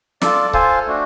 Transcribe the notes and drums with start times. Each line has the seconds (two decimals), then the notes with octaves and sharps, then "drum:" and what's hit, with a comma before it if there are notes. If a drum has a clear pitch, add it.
0.21 F4 A4 D5, drum: snare
0.53 F4 A4 C5 F5 G#5, drum: kick C#1
0.86 A3 D4 F#4